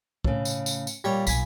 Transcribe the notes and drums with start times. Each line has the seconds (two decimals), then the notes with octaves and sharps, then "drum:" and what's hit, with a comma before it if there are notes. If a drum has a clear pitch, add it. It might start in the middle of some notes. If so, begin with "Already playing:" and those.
0.24 A2 C#3, drum: kick
0.45 drum: tambourine
0.66 drum: tambourine
0.87 drum: tambourine
1.04 A#2 G3 C#5
1.27 B1 G#5 B5, drum: tambourine